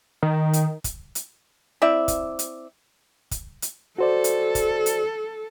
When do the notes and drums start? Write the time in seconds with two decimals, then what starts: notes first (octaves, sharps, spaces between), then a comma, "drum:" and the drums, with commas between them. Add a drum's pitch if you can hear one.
0.23 D#3
0.53 drum: hi-hat
0.84 drum: kick, hi-hat
1.15 drum: hi-hat
1.82 C4 E4 D5 E5
2.08 drum: kick, hi-hat
2.39 drum: hi-hat
3.31 drum: kick, hi-hat
3.62 drum: hi-hat
3.98 F#4 A4 C5 D5
4.24 drum: hi-hat
4.55 drum: kick, hi-hat
4.86 drum: hi-hat